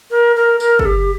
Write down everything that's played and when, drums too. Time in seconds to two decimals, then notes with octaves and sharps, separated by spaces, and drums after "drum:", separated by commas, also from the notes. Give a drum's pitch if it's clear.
0.11 A#4
0.36 A#4
0.60 A#4, drum: tambourine
0.79 A4, drum: kick
0.85 G4